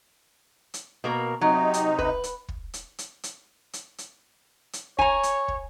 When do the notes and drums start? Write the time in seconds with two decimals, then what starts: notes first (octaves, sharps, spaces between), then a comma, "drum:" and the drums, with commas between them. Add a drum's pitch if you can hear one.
0.74 drum: hi-hat
1.04 B2 A#3 A#4
1.41 C3 F#3 D#4
1.74 drum: hi-hat
1.99 B4, drum: kick
2.24 drum: hi-hat
2.49 drum: kick
2.74 drum: hi-hat
2.98 drum: hi-hat
3.23 drum: hi-hat
3.73 drum: hi-hat
3.98 drum: hi-hat
4.73 drum: hi-hat
4.99 C#5 G#5 A#5, drum: kick
5.23 drum: hi-hat
5.48 drum: kick